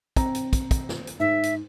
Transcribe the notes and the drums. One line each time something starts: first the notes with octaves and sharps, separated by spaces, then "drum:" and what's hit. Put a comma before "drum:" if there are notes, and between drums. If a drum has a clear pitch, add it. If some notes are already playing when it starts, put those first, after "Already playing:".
C4 A#5, drum: kick, hi-hat
drum: hi-hat
drum: kick, hi-hat
drum: kick, hi-hat
drum: snare
drum: hi-hat
G#2 E5
drum: hi-hat